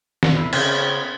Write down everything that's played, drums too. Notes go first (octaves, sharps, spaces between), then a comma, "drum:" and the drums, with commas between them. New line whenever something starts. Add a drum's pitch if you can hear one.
drum: snare
E2 C3 E4
C#3 B3 C4 F4, drum: cymbal